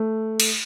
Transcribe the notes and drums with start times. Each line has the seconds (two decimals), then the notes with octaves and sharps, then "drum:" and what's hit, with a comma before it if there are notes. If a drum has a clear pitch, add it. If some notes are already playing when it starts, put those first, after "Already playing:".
Already playing: A3
0.40 drum: cymbal